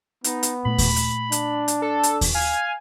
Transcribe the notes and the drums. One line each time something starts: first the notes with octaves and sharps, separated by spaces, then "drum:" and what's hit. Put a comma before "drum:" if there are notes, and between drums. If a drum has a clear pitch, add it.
B3 D#4, drum: hi-hat
drum: hi-hat
A#2 A3 B5
drum: kick D#2, open hi-hat
drum: hi-hat
D4, drum: hi-hat
drum: hi-hat
A4
drum: hi-hat
drum: kick D#2, open hi-hat
F5 G#5